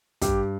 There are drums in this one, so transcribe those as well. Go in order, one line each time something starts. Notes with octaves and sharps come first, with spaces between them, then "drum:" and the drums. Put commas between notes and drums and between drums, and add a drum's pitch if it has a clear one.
G2 G4, drum: kick, hi-hat